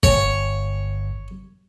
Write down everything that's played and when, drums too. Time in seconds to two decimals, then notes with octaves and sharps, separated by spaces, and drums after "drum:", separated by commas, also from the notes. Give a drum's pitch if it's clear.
0.03 G1 C#5, drum: kick